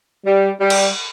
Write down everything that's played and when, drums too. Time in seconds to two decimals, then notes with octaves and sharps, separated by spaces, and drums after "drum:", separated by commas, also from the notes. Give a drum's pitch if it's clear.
0.25 G3
0.60 G3
0.70 drum: cymbal